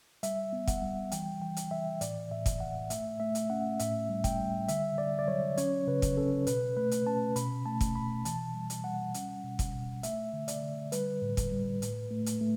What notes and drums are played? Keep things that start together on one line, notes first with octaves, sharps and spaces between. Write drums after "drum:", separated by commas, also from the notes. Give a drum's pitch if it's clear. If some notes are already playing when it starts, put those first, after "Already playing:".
G3 E5, drum: hi-hat
B3
F#5, drum: kick, hi-hat
G3
E3 G5, drum: hi-hat
E3 G5
drum: hi-hat
E3 E5
A2 D5, drum: hi-hat
A2 E5
drum: kick, hi-hat
A2 F#5
A3 E5, drum: hi-hat
A3 E5
drum: hi-hat
C#4 F#5
A2 E5, drum: hi-hat
G3
G5, drum: kick, hi-hat
G3
D3 E5, drum: hi-hat
D3 D5
D5
F#3 C#5
C#4 C#5, drum: hi-hat
C#3 B4
drum: kick, hi-hat
C#4 A4
B2 B4, drum: hi-hat
A3 B4
drum: hi-hat
C#4 A5
B2 B5, drum: hi-hat
A3 A5
drum: kick, hi-hat
B2 B5
E3 A5, drum: hi-hat
G3
drum: hi-hat
G3 F#5
C#4, drum: hi-hat
B2
drum: kick, hi-hat
B2
A3 E5, drum: hi-hat
D3
D5, drum: hi-hat
D3
G3 B4, drum: hi-hat
A2
drum: kick, hi-hat
G3
A2, drum: hi-hat
A3
drum: hi-hat
A3